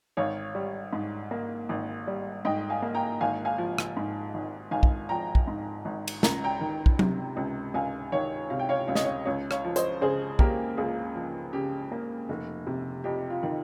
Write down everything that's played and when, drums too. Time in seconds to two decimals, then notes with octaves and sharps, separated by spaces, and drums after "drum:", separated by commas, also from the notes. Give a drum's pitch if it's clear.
0.17 G#1 C#5 F5
0.55 G3
0.93 G#2
1.31 A#3
1.69 G#1
2.07 G3
2.45 G#2 D#5 G5
2.70 F5 G#5
2.82 A#3
2.95 G5 A#5
3.21 G#1 F5 G#5
3.45 F5 G#5
3.58 F3
3.78 drum: rim click
3.97 G#2
4.34 G#1
4.71 G#1 F5 G#5
4.83 drum: kick
5.09 F3 G5 A#5
5.35 drum: kick
5.47 G#2
5.85 G#1
6.08 drum: cymbal
6.23 C#2 A#5, drum: snare
6.44 G5 A#5
6.60 D#3
6.86 drum: kick
6.99 C3, drum: tom F#3
7.37 C#2
7.74 C#2 F5 G#5
8.12 D#3 C#5 F5
8.50 C3 F5
8.59 G5
8.69 C#5 F5
8.88 C#2 F5
8.95 D#5, drum: snare
9.04 C#5 F5
9.25 C#2 C#5 F5
9.51 C#5 F5, drum: rim click
9.64 F3
9.76 C5 D#5, drum: hi-hat
10.01 C#3 G#4 C5
10.39 A#3 G4 A#4, drum: kick
10.77 C#2 F4 G#4
11.15 F3
11.53 C#3 G4
11.92 A#3
12.29 F1
12.67 C3
13.04 F2 G4
13.30 F4
13.43 D#3